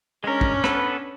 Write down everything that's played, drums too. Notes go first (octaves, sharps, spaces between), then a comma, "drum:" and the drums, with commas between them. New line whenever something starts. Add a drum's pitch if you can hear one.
G#3 C#4 D4 A#4
drum: kick
B3 A4 B4, drum: rim click